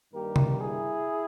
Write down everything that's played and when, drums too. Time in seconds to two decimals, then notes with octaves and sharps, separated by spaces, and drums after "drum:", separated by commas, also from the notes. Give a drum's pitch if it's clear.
0.14 G2 D#3 G3 A#3 G4 A#4
0.36 drum: tom C3
0.60 E4 G#4